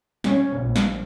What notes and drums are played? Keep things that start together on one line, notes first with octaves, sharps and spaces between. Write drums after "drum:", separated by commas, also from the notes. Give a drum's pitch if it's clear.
C#4, drum: snare
A#1
drum: snare